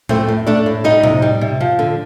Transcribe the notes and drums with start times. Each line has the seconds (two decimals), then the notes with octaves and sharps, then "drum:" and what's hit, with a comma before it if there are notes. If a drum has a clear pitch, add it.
0.09 A3 C4 C5, drum: tom A2
0.28 A2
0.46 A3 D4 D5
0.66 A2
0.84 G3 D#4 D#5
1.04 C3, drum: tom A2
1.22 G3
1.41 C3
1.60 F3
1.79 D3